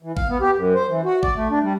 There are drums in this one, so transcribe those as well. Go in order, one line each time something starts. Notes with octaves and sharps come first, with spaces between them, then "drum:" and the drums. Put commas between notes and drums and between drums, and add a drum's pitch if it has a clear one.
E3
F5, drum: kick A1
B3
G4
F#2
C5
E3
F#4
D5, drum: kick A1
A3
D4
G3